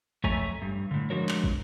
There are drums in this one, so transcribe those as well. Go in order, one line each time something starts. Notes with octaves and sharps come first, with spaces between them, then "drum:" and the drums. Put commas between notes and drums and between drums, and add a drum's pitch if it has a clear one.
F2 A3 C#5 E5 G#5 A#5, drum: kick
G2
A2 D3
F3 G#3 D4 F#4 A#4 C#5
drum: clap
drum: kick